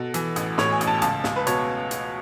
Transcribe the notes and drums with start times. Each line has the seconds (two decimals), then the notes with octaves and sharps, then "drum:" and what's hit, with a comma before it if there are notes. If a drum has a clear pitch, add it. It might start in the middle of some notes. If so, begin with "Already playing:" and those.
Already playing: B2 A4
0.14 E3, drum: hi-hat
0.36 A1, drum: hi-hat
0.58 A2 C#5, drum: snare
0.72 G#5
0.81 A1, drum: hi-hat
0.87 A5
1.02 C#2 A5, drum: hi-hat
1.24 C#2, drum: snare
1.36 B4
1.47 B2 C#5, drum: hi-hat
1.91 drum: hi-hat